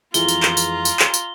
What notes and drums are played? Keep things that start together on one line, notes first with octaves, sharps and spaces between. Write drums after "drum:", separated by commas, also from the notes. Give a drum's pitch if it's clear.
F2 E3 G#3 F4 A#5 G7, drum: tambourine
drum: tambourine
drum: clap
drum: tambourine
drum: tambourine
drum: clap
drum: tambourine